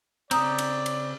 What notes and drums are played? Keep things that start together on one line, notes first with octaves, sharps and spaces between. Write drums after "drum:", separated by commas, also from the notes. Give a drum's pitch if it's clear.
C#3 C4 D5 A#5 D#6, drum: cymbal
drum: cymbal
drum: cymbal